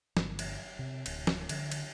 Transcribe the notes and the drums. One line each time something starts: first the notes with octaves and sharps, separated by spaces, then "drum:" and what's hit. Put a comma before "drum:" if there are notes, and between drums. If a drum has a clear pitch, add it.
G1, drum: snare
drum: cymbal
C3
D1, drum: cymbal
drum: snare
D3, drum: cymbal
drum: cymbal